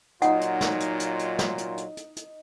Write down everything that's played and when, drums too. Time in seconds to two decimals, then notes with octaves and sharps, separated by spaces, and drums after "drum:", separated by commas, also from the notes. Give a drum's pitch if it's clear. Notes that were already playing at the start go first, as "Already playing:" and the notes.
0.22 A#2 F#3 D#4 F4 F#5, drum: hi-hat
0.41 drum: hi-hat
0.61 drum: snare
0.80 drum: hi-hat
1.00 drum: hi-hat
1.19 drum: hi-hat
1.39 drum: snare
1.58 drum: hi-hat
1.78 drum: hi-hat
1.97 drum: hi-hat
2.17 drum: hi-hat